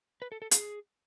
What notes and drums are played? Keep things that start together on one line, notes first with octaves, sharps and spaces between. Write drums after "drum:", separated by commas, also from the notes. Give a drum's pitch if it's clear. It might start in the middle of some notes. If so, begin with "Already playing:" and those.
B4
A4
A4
G#4, drum: hi-hat